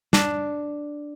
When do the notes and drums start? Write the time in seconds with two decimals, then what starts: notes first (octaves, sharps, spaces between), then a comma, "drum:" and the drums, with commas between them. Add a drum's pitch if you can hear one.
0.13 D4, drum: snare